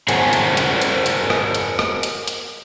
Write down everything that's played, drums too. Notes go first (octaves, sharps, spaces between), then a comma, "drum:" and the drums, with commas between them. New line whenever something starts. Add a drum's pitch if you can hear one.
G#4 A#4 C5 C#5 F#5 G#5, drum: hi-hat
drum: hi-hat
drum: hi-hat
drum: hi-hat
drum: hi-hat
drum: rim click
drum: hi-hat
drum: rim click
drum: hi-hat
drum: hi-hat